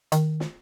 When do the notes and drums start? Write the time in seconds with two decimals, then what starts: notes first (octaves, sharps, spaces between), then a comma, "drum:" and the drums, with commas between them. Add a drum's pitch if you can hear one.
0.12 D#3, drum: hi-hat
0.40 drum: snare